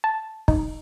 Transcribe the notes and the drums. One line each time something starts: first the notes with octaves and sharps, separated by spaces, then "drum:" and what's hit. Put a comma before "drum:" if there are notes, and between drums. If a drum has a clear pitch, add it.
A5
D#4, drum: kick